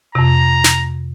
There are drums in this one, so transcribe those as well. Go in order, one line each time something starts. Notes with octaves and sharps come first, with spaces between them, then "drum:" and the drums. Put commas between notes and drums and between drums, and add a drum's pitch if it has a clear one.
F2 C3 A#5
drum: snare